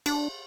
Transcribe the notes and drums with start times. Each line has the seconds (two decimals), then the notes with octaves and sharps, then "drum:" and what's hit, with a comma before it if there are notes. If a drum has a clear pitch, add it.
0.06 D4, drum: cymbal